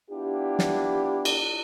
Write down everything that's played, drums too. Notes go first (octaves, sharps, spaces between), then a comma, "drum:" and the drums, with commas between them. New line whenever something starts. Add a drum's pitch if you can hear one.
B3 D4 E4 F4 G4
drum: snare
drum: cymbal